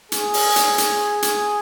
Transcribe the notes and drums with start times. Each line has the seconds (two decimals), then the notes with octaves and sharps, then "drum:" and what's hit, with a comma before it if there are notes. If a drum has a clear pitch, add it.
0.12 G#4, drum: hi-hat
0.34 drum: open hi-hat
0.56 drum: hi-hat
0.78 drum: hi-hat
1.22 drum: hi-hat